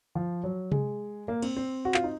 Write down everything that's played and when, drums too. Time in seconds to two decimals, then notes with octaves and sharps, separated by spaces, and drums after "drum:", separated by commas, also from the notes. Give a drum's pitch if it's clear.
0.15 F3
0.44 F#3
0.72 G#3, drum: tom C3
1.28 A#3
1.42 C4, drum: cymbal
1.56 C4
1.85 F#4
1.94 F4, drum: clap
2.04 D#4